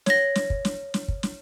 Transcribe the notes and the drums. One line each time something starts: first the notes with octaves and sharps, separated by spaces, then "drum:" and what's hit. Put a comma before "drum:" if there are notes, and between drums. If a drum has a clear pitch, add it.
C#5 A#6, drum: snare
drum: snare
drum: kick
drum: snare
drum: snare
drum: kick
drum: snare